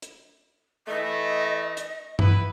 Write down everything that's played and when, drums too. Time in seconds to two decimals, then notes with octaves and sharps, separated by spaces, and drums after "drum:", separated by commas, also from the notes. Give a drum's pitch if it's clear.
0.02 drum: hi-hat
0.88 E3 A3 D#5
1.77 drum: hi-hat
2.19 B3 E4 B4, drum: tom G2